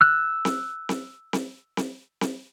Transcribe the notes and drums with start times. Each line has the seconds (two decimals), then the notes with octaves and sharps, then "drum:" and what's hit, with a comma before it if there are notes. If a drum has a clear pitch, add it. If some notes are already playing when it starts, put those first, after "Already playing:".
0.01 E6 F#6
0.45 drum: snare C4
0.89 drum: snare C4
1.33 drum: snare C4
1.77 drum: snare C4
2.21 drum: snare C4